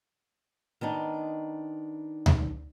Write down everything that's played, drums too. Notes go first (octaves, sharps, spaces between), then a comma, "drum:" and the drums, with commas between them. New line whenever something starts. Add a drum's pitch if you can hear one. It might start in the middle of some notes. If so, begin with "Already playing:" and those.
D#3 B3 D4 D#4
drum: tom D2